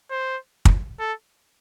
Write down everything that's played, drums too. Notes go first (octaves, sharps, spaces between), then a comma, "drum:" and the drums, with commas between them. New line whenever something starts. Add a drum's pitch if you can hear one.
C5
drum: kick
A4